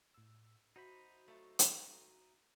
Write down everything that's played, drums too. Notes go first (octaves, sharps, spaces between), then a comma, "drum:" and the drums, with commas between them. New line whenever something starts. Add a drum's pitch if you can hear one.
A2 E6
D#4 F#4 C5 E5 B5
F#3 A3 F4
drum: hi-hat